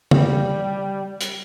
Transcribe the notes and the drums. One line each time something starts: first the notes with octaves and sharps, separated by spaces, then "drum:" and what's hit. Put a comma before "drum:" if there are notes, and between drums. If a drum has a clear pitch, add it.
G3, drum: tom C#3
drum: hi-hat